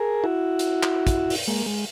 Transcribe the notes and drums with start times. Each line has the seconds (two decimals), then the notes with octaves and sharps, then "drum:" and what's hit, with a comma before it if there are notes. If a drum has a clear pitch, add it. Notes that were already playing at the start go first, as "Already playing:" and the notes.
Already playing: G#4 A#4
0.24 E4 F#4
0.59 drum: hi-hat
0.83 drum: clap
1.07 drum: kick, hi-hat
1.30 drum: open hi-hat
1.48 G#3 A#3
1.66 G#3